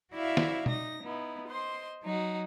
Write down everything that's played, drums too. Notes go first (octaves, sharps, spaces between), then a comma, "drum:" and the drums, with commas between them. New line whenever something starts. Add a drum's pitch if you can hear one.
E4 F#4 D5 E5 F5
drum: snare
D#4 A#6, drum: tom B2
B3 D#4 E4
C5 D#5 C6
F#3 D#4 F#4